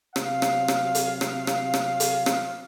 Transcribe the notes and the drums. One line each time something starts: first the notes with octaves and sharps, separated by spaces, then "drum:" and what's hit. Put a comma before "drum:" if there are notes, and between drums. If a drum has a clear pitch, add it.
C3 F#3 F5, drum: rim click
drum: rim click
drum: rim click
drum: hi-hat
drum: rim click
drum: rim click
drum: rim click
drum: hi-hat
drum: rim click